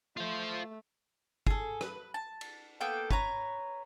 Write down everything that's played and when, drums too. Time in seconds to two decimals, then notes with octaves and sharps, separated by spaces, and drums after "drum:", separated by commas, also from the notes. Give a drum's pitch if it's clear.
0.17 A3 F4 C5
1.47 G#4 A4, drum: kick
1.81 B4, drum: rim click
2.14 A5
2.41 drum: cymbal
2.81 A#3 B3 A4 G5
3.11 B4 C#5 A#5, drum: kick